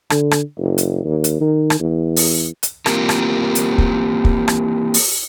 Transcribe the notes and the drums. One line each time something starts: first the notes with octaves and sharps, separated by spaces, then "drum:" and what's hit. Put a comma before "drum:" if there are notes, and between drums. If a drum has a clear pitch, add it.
D3, drum: rim click
drum: rim click
F#1
drum: hi-hat
D#2
drum: hi-hat
D#3
drum: rim click
E2
drum: open hi-hat
drum: hi-hat
E3 A#3 C4 F4 G4 A#4, drum: rim click
drum: rim click
drum: hi-hat
drum: kick
drum: kick
drum: rim click
drum: open hi-hat